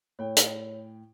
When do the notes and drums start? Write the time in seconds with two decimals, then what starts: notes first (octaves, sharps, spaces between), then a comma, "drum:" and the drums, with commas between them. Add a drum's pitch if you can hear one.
0.19 A2 C#5 G5
0.37 drum: hi-hat